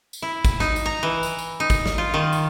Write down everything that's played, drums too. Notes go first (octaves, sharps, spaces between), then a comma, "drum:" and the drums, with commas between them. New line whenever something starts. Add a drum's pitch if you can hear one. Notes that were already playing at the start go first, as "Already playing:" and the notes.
drum: tambourine
E4
drum: kick A1, tambourine
D#4, drum: snare
drum: tambourine
A#5
E3
drum: tambourine
drum: tambourine
D#4
drum: kick A1, tambourine
drum: snare
F4
D#3
drum: tambourine